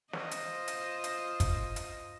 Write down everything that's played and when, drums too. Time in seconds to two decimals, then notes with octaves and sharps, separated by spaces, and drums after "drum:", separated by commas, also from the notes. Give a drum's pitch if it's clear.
0.13 F4 C5 D#5, drum: snare
0.31 drum: hi-hat
0.68 drum: hi-hat
1.04 drum: hi-hat
1.40 drum: kick, hi-hat
1.76 drum: hi-hat